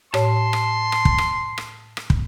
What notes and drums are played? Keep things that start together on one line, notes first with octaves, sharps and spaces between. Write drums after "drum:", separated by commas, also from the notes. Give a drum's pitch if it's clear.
A2 C#5 A5 C6, drum: rim click
drum: rim click
drum: rim click
drum: kick
drum: rim click
drum: rim click
drum: rim click
drum: kick